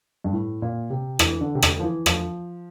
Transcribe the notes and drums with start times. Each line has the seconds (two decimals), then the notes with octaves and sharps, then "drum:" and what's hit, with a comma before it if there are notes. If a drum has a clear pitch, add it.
0.24 G2
0.33 A2
0.62 A#2
0.90 C3
1.19 E3, drum: rim click
1.41 D3
1.55 C3
1.62 D3, drum: rim click
1.80 F3
1.84 E3
2.06 F3, drum: rim click